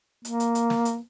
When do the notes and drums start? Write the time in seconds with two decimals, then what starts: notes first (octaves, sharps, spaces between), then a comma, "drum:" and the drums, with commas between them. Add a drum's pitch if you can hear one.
0.25 A#3, drum: hi-hat
0.40 drum: hi-hat
0.55 drum: hi-hat
0.70 drum: snare
0.85 drum: hi-hat